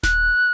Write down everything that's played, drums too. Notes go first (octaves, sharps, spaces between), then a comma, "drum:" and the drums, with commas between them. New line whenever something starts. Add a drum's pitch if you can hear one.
F#6, drum: snare D#1